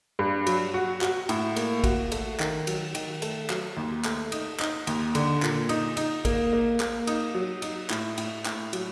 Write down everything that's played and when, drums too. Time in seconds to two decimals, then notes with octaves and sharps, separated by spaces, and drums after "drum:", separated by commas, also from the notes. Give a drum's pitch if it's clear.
0.19 G2
0.47 F#3, drum: cymbal
0.74 F#4
1.01 F#4, drum: clap
1.29 A2, drum: cymbal
1.56 A#3, drum: cymbal
1.84 F#4, drum: kick, cymbal
2.12 A3, drum: cymbal
2.40 D#3, drum: clap
2.67 F#3, drum: cymbal
2.95 D#3, drum: cymbal
3.22 A3, drum: cymbal
3.50 F#3, drum: clap
3.77 D#2
4.05 A3, drum: clap
4.32 D#4, drum: cymbal
4.60 D#4, drum: clap
4.87 D#2, drum: cymbal
5.15 D3, drum: cymbal
5.43 A#2, drum: clap
5.69 D#4, drum: cymbal
5.97 D#4, drum: cymbal
6.25 A#3, drum: kick, cymbal
6.53 A#3
6.80 A#3, drum: clap
7.07 D#4, drum: cymbal
7.35 F#3
7.62 D#4, drum: cymbal
7.90 A2, drum: clap
8.18 A2, drum: cymbal
8.45 A2, drum: clap
8.73 F#3, drum: cymbal